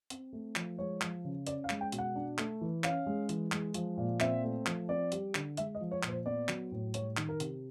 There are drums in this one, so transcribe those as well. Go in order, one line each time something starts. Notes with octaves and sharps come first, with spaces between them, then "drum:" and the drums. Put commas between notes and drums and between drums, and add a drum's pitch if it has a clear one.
C4, drum: hi-hat
A3
F3, drum: clap
G#3 C#5
F3, drum: clap
C#3
C#4 D5, drum: hi-hat
F5
G#3, drum: clap
G5
B2, drum: hi-hat
F#5
D4
A3, drum: clap
E3
C#4 F5, drum: clap
G#3
E3, drum: hi-hat
G#3, drum: clap
F3, drum: hi-hat
A#2
C4 E5, drum: clap
A3
F3, drum: clap
C4 D5
G3, drum: hi-hat
D3, drum: clap
G#3 E5, drum: hi-hat
D#5
F3
C#5
A#2, drum: clap
C5
B3 D5
F#3, drum: clap
A2
G3 C#5, drum: hi-hat
D#3, drum: clap
A#4
C3, drum: hi-hat